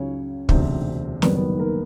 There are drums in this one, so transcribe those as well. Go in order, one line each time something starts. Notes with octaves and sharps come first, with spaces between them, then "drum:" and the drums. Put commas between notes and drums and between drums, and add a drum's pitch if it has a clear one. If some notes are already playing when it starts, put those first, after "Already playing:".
Already playing: C#2 C#3 F#3 C#4 C#5
E1 D2 C3 C4 C5, drum: kick
F#1 F#2 D#3 G3 B3 B4, drum: snare
B3 B4
A#3 A#4